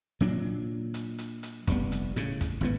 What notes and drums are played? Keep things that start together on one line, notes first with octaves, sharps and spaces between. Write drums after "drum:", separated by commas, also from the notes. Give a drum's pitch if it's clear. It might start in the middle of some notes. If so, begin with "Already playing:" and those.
A#2 F#3 D4
drum: hi-hat
drum: hi-hat
drum: hi-hat
F1 G3 B3, drum: kick, hi-hat
drum: hi-hat
A2 C#3, drum: hi-hat
drum: kick, hi-hat
G#1 A2 B3